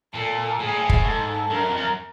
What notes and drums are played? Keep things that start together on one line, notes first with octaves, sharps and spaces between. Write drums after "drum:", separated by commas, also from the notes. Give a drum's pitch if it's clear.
A#2 A4
A2 G#4
A#2
A2
drum: kick
G#2 A4
G2 A#4
F#2
F2
F#2